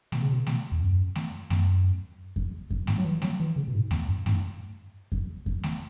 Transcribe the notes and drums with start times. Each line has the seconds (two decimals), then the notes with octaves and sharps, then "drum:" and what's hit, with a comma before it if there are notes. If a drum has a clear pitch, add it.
0.12 B2, drum: snare A3
0.22 C#3
0.33 B2
0.47 drum: snare A3
0.72 E2
0.81 F#2
1.15 drum: snare A3
1.50 F#2, drum: snare A3
2.36 drum: kick F2
2.71 drum: kick F2
2.87 G#2, drum: snare A3
2.98 F#3
3.04 E3
3.22 F#3, drum: snare A3
3.40 E3
3.56 C#3
3.68 B2
3.74 G#2
3.91 E2, drum: snare A3
4.08 F#2
4.26 G#2, drum: snare A3
4.32 F#2
5.12 drum: kick F2
5.46 drum: kick F2
5.63 drum: snare A3